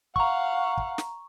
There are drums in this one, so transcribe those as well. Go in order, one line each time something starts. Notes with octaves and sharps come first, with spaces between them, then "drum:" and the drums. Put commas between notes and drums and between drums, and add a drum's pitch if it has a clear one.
F5 F#5 A#5 C#6, drum: kick
drum: kick
drum: snare